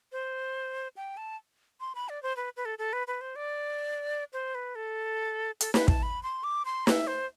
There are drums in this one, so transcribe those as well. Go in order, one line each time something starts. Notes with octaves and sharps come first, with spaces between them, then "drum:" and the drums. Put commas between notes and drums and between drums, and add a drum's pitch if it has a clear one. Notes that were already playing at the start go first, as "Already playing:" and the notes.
C5
G5
A5
C6
B5
D5
C5
B4
B4
A4
A4
B4
B4
C5
D5
C5
B4
A4
A4, drum: hi-hat
B4, drum: snare
A5, drum: kick
B5
C6
D6
C6
E5, drum: snare
C5